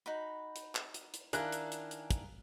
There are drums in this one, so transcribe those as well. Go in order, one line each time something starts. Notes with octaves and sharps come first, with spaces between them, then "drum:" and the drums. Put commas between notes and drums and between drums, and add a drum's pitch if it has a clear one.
D#4 F#4 B5
drum: hi-hat
drum: clap
drum: hi-hat
drum: hi-hat
D#3 D4 E4 A#4 F5 G#5 F#6, drum: hi-hat
drum: hi-hat
drum: hi-hat
drum: hi-hat
drum: kick, hi-hat